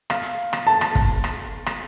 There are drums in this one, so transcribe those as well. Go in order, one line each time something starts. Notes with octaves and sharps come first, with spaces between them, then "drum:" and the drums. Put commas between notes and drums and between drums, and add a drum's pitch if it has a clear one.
F5, drum: rim click
drum: rim click
A5
drum: rim click
drum: kick
drum: rim click
drum: rim click